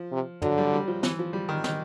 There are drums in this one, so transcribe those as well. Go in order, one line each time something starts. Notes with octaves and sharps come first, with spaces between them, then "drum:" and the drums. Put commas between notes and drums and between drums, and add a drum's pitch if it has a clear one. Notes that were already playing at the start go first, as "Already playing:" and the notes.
Already playing: F3
C3
D3 F#3, drum: tom
G3
G3
F3
E3, drum: snare
F3
G3
D#3
D#3, drum: snare